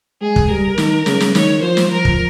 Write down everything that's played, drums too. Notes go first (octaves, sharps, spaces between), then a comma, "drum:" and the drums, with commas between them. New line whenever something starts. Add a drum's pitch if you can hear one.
G#3 G#4
drum: kick
G3 A#4
D#3, drum: snare
C#3, drum: snare
drum: snare
D#3 C#5, drum: snare
F3 C5
drum: snare
F3 A#4
drum: kick